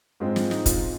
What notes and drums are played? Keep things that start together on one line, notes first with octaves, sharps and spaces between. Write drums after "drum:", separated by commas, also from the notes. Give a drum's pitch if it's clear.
G#2 G#3 C4 F4
F4, drum: snare
D#4, drum: snare
F4, drum: kick, hi-hat